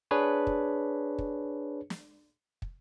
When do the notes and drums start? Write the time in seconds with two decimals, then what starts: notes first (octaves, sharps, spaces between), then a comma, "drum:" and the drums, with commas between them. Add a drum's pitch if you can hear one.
0.11 D4 G#4 B4 C#5
0.47 drum: kick
1.18 drum: kick
1.90 drum: snare
2.62 drum: kick